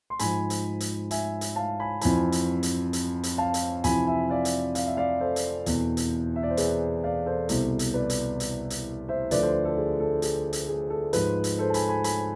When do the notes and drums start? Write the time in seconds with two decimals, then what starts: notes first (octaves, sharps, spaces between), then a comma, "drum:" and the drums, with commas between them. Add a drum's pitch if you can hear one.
0.10 C6
0.19 G#2 F3 G#5 B5, drum: hi-hat
0.50 drum: hi-hat
0.80 drum: hi-hat
1.11 E5 G#5, drum: hi-hat
1.41 drum: hi-hat
1.56 F5 A5
1.80 G#5 B5
2.01 F2 E3 G#5 B5, drum: hi-hat
2.32 drum: hi-hat
2.63 drum: hi-hat
2.93 drum: hi-hat
3.23 drum: hi-hat
3.38 F5 A5
3.54 drum: hi-hat
3.84 F2 C3 E3 G#5 B5, drum: hi-hat
4.07 E5 G#5
4.30 D5 F5
4.45 drum: hi-hat
4.75 F5, drum: hi-hat
4.86 E5
4.97 D5 F5
5.20 A4 C5
5.36 drum: hi-hat
5.66 E2 B2, drum: hi-hat
5.97 drum: hi-hat
6.36 E5
6.43 D5
6.50 C5
6.57 G#4 B4, drum: hi-hat
7.04 D5 F5
7.26 A4 C5
7.49 C2 B2, drum: hi-hat
7.79 drum: hi-hat
7.94 B4 D5
8.10 drum: hi-hat
8.40 drum: hi-hat
8.70 drum: hi-hat
9.09 C5 E5
9.31 D2 D3 F3 B4 D5, drum: hi-hat
9.42 A4 C5
9.65 A4
9.77 G#4
10.00 A4
10.22 G#4, drum: hi-hat
10.53 drum: hi-hat
10.68 G#4
10.90 A4
11.13 G#2 F3 G#4 B4, drum: hi-hat
11.44 drum: hi-hat
11.58 A4 C5
11.70 A5
11.74 G#5 B5, drum: hi-hat
11.89 G#5 B5
12.04 G#5 B5, drum: hi-hat